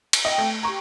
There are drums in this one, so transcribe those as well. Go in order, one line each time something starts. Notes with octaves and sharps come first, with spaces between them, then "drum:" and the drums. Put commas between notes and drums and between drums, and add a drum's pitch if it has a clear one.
drum: cymbal
C4 E4 D#5
A3
G4 G#5 A#5 C#6